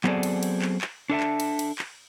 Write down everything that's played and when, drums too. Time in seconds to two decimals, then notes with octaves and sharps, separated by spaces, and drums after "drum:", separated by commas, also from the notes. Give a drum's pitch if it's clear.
0.04 F#3 B3 C4 G#4 A4 D5, drum: clap
0.23 drum: cymbal
0.43 drum: cymbal
0.62 drum: clap
0.81 drum: clap
1.10 D4 A4 E5 A5
1.20 drum: clap
1.40 drum: cymbal
1.59 drum: cymbal
1.79 drum: clap